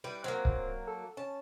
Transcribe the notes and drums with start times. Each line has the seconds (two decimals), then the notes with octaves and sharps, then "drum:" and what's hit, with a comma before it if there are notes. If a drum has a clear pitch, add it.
0.04 G3 E4 B4
0.24 F#3 A#3 C4
0.45 drum: kick
0.87 A4
1.17 C#4 A5